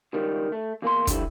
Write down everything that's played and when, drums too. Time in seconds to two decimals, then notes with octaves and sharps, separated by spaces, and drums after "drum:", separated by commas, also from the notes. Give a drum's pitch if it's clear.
0.13 C#2 D#3 G3
0.52 A3
0.82 E2 A#3 G#4 C6
1.07 D3 F3 G3 E4, drum: kick, hi-hat